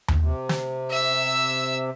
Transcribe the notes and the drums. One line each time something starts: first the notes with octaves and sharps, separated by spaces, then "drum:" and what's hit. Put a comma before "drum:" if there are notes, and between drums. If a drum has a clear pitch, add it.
drum: tom D#2
C3
drum: snare
E5 E6